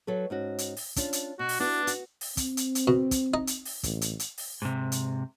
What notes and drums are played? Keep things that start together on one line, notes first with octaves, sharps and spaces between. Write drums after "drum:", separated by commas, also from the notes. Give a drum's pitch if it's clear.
F#3 A4 B4
G#2 C#4 F#4
drum: hi-hat
drum: open hi-hat
C#4 D4 F4, drum: kick, hi-hat
drum: hi-hat
B2 F#4
drum: open hi-hat
B3 D4 E4 F#4
F#4, drum: hi-hat
drum: open hi-hat
C4, drum: kick, hi-hat
drum: hi-hat
drum: hi-hat
B2
drum: kick, hi-hat
D#4
drum: hi-hat
drum: open hi-hat
A1, drum: kick, hi-hat
drum: hi-hat
drum: hi-hat
drum: open hi-hat
G#2 C3
drum: hi-hat